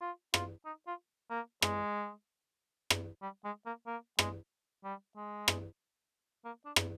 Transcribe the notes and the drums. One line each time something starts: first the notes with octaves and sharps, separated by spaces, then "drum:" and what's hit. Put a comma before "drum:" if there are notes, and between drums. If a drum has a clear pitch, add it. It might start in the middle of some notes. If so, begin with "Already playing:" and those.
F4
F4, drum: rim click
D#4
F4
A#3
G#3, drum: rim click
drum: rim click
G3
G#3
A#3
A#3
G#3, drum: rim click
G3
G#3
drum: rim click
A#3
D4
drum: rim click